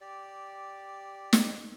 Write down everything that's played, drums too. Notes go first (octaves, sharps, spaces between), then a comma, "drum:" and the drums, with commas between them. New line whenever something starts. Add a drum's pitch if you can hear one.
G4 D5
drum: snare